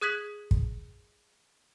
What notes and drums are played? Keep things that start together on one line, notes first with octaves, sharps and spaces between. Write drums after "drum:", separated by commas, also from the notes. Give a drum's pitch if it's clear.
G#4 D#6 F#6 G#6 B6 F#7
drum: kick